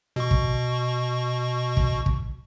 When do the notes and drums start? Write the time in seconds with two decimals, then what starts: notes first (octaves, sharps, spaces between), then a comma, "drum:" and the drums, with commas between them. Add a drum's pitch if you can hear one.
0.16 B2 C#6
0.31 drum: kick
1.77 drum: kick
2.06 drum: kick